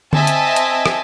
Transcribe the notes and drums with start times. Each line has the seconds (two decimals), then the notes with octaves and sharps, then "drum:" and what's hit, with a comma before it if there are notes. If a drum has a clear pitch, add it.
0.13 C4 D#5 E5 G#5 A5, drum: tom D3
0.27 drum: hi-hat
0.56 drum: hi-hat
0.86 drum: rim click